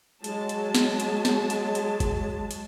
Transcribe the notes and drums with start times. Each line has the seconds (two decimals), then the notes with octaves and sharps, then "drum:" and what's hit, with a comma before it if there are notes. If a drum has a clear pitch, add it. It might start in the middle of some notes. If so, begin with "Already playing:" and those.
0.24 F#3 G#3 A5, drum: hi-hat
0.49 drum: hi-hat
0.75 drum: snare
1.00 drum: hi-hat
1.25 drum: snare
1.50 drum: hi-hat
1.75 drum: hi-hat
2.00 drum: kick, hi-hat
2.51 drum: hi-hat